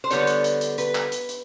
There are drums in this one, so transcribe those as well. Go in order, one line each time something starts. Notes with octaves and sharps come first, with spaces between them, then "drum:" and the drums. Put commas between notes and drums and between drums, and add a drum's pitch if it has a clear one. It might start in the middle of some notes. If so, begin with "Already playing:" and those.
C5
D3 G3 B3 C#5, drum: hi-hat
drum: hi-hat
drum: hi-hat
drum: hi-hat
B4, drum: hi-hat
drum: clap
drum: hi-hat
drum: hi-hat